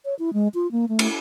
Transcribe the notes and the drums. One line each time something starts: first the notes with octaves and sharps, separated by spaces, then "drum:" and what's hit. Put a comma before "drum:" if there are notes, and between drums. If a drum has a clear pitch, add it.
C#5
E4
G#3
F4
A#3
A3
drum: cymbal